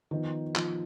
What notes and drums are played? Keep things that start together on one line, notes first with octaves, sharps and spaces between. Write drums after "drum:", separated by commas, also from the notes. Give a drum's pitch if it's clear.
D#3 F3 B3 D#4
F3, drum: clap